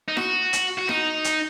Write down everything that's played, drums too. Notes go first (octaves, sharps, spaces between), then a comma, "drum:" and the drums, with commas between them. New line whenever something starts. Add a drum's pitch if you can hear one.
D#4
F#4, drum: snare
drum: hi-hat
F#4
D#4, drum: snare
drum: hi-hat